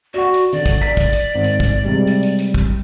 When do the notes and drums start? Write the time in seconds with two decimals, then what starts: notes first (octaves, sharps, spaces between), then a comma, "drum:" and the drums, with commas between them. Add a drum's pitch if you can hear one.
0.14 F#4 D5 F#5
0.34 drum: hi-hat
0.53 D3 D5, drum: hi-hat
0.66 drum: kick, hi-hat
0.81 B6, drum: hi-hat
0.97 drum: kick, hi-hat
1.13 drum: hi-hat
1.35 G#1
1.44 drum: hi-hat
1.60 drum: kick
1.84 C3 G3 G#3
2.07 drum: hi-hat
2.23 drum: hi-hat
2.39 drum: hi-hat
2.54 drum: kick